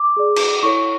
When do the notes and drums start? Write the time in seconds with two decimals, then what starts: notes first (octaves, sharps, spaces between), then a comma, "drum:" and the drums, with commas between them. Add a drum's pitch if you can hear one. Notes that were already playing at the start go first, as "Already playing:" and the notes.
Already playing: D6
0.17 G#4 D5
0.36 drum: cymbal
0.63 E4 A4 C#5 C#6